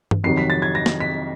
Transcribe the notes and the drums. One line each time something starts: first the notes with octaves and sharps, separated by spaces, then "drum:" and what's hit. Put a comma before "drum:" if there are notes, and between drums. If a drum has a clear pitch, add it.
drum: tom G2
F2 C3 D#3 F#3 C7
B6
A6
G#6
A#6
drum: snare
B6